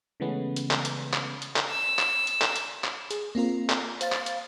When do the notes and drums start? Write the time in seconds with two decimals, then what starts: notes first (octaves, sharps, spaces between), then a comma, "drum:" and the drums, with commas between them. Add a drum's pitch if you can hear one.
0.20 C#3 E3 G#3 A3 B3 C#4
0.56 drum: hi-hat
0.71 drum: clap
0.85 drum: hi-hat
1.13 drum: clap
1.42 drum: hi-hat
1.56 drum: clap
1.70 E6
1.99 drum: clap
2.27 drum: hi-hat
2.41 drum: clap
2.56 drum: hi-hat
2.84 drum: clap
3.11 G#4, drum: hi-hat
3.35 A#3 C4 F4 A#4
3.69 drum: clap
4.01 C5 F5 A6, drum: hi-hat
4.12 drum: clap
4.26 drum: hi-hat